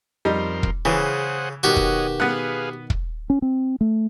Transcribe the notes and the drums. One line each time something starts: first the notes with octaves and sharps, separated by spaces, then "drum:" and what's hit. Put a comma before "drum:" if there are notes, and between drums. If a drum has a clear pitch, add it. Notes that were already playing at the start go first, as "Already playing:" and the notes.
F2 G3 D#4 A#4 C6
drum: kick
C#3 E3 G#4 C5 F#5
B2 D#3 F#4 G4 C#5 D#5 F#5
drum: kick
B3 G#4 B4 F5 F#5
drum: kick
C#4
C4
A3